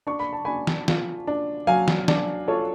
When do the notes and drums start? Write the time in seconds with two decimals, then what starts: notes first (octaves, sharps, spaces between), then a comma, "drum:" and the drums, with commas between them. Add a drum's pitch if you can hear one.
0.07 D4 C#6
0.19 B5
0.33 A5
0.45 D4 G#5 B5
0.67 drum: snare
0.88 F4, drum: snare
1.27 D4
1.67 F#3 F5 G#5
1.88 drum: snare
2.08 D4, drum: snare
2.48 F4 A4 C#5